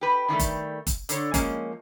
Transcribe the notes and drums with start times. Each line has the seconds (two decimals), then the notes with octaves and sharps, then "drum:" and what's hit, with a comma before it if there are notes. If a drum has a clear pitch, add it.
0.01 G4 B4
0.28 D#3 F3 G3 A3
0.40 drum: kick G1, hi-hat
0.87 drum: kick G1, hi-hat
1.09 D3 A4 C#5, drum: hi-hat
1.34 F3 G#3 A#3 C#4 D#5, drum: kick G1, hi-hat